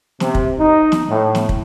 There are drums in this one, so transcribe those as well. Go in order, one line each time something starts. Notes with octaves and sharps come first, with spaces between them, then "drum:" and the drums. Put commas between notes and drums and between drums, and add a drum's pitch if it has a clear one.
C3, drum: snare
drum: kick
D#4
drum: snare
A2
drum: snare
drum: kick